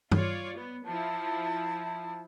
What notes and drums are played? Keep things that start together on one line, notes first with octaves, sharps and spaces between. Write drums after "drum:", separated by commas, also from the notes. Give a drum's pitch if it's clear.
F4 C#5 D5, drum: tom G2
B3
F3 E4 A5